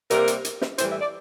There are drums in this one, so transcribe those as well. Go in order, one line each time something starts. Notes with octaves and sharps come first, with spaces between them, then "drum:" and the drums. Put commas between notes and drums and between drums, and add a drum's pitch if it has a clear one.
C3 G3 A#3 A#4, drum: hi-hat
drum: hi-hat
drum: hi-hat
drum: snare
A2 E3 G3 C5, drum: hi-hat
E5
D5